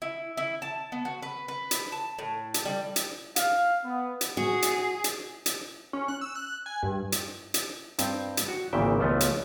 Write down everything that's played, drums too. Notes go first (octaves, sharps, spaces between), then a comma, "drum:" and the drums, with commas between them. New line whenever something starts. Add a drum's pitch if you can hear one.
E4
E4
A5
B3
F#4
B4
B4
drum: hi-hat
A5
A2
drum: hi-hat
G3
drum: hi-hat
F5, drum: hi-hat
B3
drum: hi-hat
F#4 G#4
drum: hi-hat
drum: hi-hat
drum: hi-hat
C#4
F#6
E6
F#6
G#5
G2
drum: hi-hat
drum: hi-hat
G2 C4 G5, drum: hi-hat
drum: hi-hat
F#4
G#1 A#2 C#3 E3 E5 G5
C#2 F3 A3 B3 D#5
drum: hi-hat